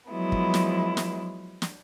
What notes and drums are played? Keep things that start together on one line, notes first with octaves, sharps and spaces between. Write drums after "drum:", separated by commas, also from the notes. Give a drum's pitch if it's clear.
F3 F#3 G#3 B3 E4
drum: kick
drum: snare
drum: snare
drum: snare